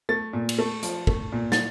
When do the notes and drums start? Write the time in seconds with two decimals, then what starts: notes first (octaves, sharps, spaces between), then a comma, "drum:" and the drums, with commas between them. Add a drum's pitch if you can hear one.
0.09 A3 A6
0.33 A#2
0.49 drum: cymbal
0.59 A3
0.82 F3, drum: hi-hat
1.07 A3, drum: kick
1.32 A#2
1.52 A6, drum: snare